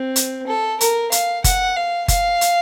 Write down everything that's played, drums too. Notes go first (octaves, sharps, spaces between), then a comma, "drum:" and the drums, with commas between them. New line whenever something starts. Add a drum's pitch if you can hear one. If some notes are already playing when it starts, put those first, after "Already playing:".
Already playing: C4
drum: hi-hat
A4
A#4, drum: hi-hat
F5, drum: hi-hat
F#5, drum: kick F#1, hi-hat
F5
F5, drum: kick F#1, hi-hat
drum: hi-hat